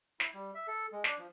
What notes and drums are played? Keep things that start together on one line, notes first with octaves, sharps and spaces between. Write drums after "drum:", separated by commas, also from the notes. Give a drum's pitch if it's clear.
E4, drum: snare
G3
E5
A4
G#3
D4, drum: snare
F3